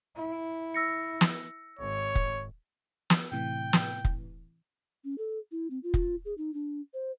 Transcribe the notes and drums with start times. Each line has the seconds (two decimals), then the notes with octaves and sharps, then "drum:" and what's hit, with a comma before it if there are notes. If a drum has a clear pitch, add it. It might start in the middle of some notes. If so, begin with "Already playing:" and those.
0.16 E4
0.74 E6 A#6 C#7
1.21 drum: snare
1.79 G#1 C#5
2.15 drum: kick F1
3.10 drum: snare
3.32 A2 C3 E3 G5
3.73 drum: snare
4.05 drum: kick F1
5.05 C#4
5.18 A4
5.52 E4
5.70 C4
5.83 F4
5.94 drum: kick F1
6.25 G#4
6.38 D#4
6.54 D4
6.94 C5